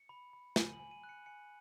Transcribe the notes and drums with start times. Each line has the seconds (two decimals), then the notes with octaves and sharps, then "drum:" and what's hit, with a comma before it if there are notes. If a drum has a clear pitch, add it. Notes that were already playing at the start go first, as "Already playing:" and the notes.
Already playing: C#7
0.09 B5
0.33 B5
0.56 G#5 D#7, drum: snare
0.73 F#7
0.80 G#5
0.91 D#7
1.04 F#6
1.09 C#7
1.26 G#5 C#7